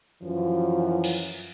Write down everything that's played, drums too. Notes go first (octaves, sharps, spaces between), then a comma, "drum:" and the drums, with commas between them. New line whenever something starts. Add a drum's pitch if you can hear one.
F#2 E3 F3
drum: cymbal